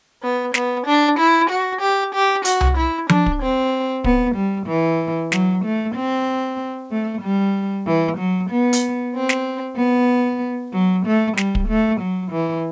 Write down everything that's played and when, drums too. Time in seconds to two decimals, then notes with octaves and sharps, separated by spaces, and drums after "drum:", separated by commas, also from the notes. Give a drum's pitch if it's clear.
0.22 B3
0.54 B3, drum: snare
0.85 D4
1.18 E4
1.50 F#4
1.81 G4
2.13 G4
2.45 F#4, drum: hi-hat
2.61 drum: tom C2
2.76 E4
3.09 D4, drum: tom F3
3.26 drum: kick
3.41 C4
4.04 B3, drum: kick
4.36 G3
4.67 E3
5.32 F#3, drum: snare
5.64 A3
5.96 C4
6.91 A3
7.23 G3
7.86 E3
8.18 F#3
8.51 B3
8.73 drum: hi-hat
9.14 C4
9.29 drum: snare
9.77 B3
10.72 F#3
11.05 A3
11.37 G3, drum: snare
11.55 drum: kick
11.69 A3
12.01 F#3
12.32 E3